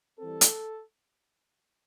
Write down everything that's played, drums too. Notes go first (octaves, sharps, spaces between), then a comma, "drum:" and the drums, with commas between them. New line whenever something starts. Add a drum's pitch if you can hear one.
E3 G3 C4 A4
drum: hi-hat